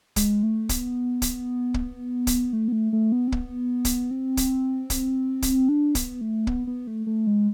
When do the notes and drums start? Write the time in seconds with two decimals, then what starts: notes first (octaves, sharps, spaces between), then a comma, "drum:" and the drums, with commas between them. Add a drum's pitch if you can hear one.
0.16 G#3, drum: kick, hi-hat
0.43 A3
0.69 B3, drum: kick, hi-hat
1.22 drum: kick, hi-hat
1.74 drum: kick
2.27 drum: kick, hi-hat
2.53 A3
2.68 B3
2.72 A3
2.93 A3
3.12 B3
3.28 C4
3.32 B3, drum: kick
3.85 drum: kick, hi-hat
4.11 C4
4.37 drum: kick, hi-hat
4.90 drum: kick, hi-hat
5.42 drum: kick, hi-hat
5.69 D4
5.95 B3, drum: kick, hi-hat
6.21 A3
6.47 B3, drum: kick
6.67 B3
6.87 A3
7.07 A3
7.27 G#3